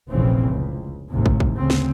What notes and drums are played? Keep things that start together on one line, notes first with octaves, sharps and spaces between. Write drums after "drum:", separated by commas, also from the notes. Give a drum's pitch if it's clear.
F1 A#1 A#2 C#3 E3 C4
C#2
A1 D#2 G#2 C3
drum: kick
drum: kick
D2 C#3 C4
drum: snare